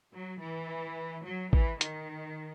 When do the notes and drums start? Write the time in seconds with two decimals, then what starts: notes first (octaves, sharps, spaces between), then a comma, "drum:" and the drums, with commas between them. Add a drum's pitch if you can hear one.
0.13 F#3
0.42 E3
1.25 F#3
1.53 E3, drum: kick A1
1.81 D#3, drum: hi-hat